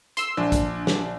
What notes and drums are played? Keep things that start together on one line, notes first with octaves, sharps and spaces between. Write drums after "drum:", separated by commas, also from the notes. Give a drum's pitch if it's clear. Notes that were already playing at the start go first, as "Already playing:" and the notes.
C6 E6, drum: hi-hat
A#1 D4
drum: kick, hi-hat
drum: snare